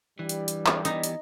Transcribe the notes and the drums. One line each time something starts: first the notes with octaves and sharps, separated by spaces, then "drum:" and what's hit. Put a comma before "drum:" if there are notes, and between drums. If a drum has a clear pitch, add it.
G2 E3 G3
drum: hi-hat
drum: hi-hat
drum: clap
E3 B3 D#4, drum: hi-hat
drum: hi-hat